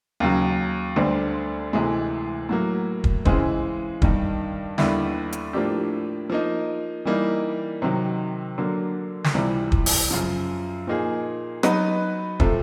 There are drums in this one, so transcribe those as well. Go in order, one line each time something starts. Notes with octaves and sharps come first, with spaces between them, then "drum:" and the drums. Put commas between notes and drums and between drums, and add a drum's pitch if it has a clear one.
D#2 C#3 F#3
D2 D3 G3 C4
D2 C3 E3 G#3
A2 F#3 A#3
drum: kick
C#3 E3 G#3 C4, drum: kick
G2 D#3 G3, drum: kick
D#2 D3 G3 B3 E4, drum: snare
drum: hi-hat
A2 F3 A#3 D4 G4
F3 A#3 D#4
E3 G3 A#3 D#4
C3 D#3 F#3
D3 F#3 A#3
drum: snare
C#2 C3 E3 G3
drum: kick
drum: open hi-hat
F#2 C#3 F3
A#2 F3 A#3 D#4 G#4
F#3 B3 D#4 F#4 B4, drum: rim click
C3 F3 A3, drum: kick